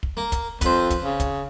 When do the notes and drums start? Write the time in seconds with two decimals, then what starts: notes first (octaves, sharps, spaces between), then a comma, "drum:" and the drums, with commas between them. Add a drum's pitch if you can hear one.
0.03 drum: kick
0.17 A#3
0.32 drum: kick, hi-hat
0.61 F2 B4 C5, drum: kick, hi-hat
0.90 drum: kick, hi-hat
1.04 C#3
1.20 drum: kick, hi-hat